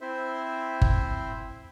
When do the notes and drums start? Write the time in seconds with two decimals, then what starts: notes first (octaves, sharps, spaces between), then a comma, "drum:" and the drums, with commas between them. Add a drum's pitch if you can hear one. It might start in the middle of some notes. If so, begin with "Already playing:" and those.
0.01 C4 E4 C5 E5
0.81 drum: kick G1